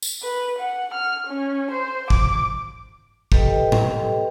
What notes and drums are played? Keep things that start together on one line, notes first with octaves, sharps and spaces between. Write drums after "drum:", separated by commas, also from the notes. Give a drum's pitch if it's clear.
drum: tambourine
B4
F#5
F6
C#4
C5
D6, drum: kick
G4 A4 B4 D#5 G5, drum: kick
drum: tom A2